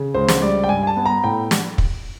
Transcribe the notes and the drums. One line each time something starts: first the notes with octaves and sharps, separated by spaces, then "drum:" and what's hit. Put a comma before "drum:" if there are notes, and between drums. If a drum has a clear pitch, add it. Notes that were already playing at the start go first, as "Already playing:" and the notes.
Already playing: C#3
C#2 C5
drum: snare
G3 D5
G5
G2 G#5
G#5
A5
B3
A#5
A2 G5
drum: snare
drum: kick